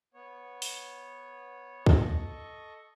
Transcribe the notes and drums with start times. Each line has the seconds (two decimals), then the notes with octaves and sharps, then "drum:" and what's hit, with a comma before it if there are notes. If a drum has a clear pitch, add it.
0.14 B3 C#5
0.62 drum: open hi-hat
1.86 A4 D#5 C#6, drum: kick